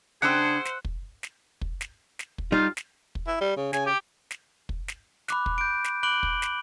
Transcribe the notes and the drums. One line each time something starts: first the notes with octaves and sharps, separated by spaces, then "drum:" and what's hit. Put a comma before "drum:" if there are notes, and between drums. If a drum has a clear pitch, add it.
C#3 D4 G#4 C5 F#5 G5 E6
drum: snare
drum: kick
drum: snare
drum: kick
drum: snare
drum: snare
drum: kick
G3 D#4 F4
drum: snare
drum: kick
E4
G3
C#3
C#3 G#5, drum: snare
G4
drum: snare
drum: kick
drum: snare
B5 D6 F#6, drum: snare
drum: kick
G6 D7
drum: snare
B5 D6 F#6 D7 F#7 G7
drum: kick
drum: snare